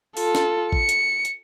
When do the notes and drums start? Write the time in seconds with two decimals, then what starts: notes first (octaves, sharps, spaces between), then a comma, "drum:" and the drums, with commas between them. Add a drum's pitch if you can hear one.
0.17 F4 A4, drum: open hi-hat
0.35 drum: snare
0.72 C#7, drum: kick
0.89 drum: hi-hat
1.25 drum: hi-hat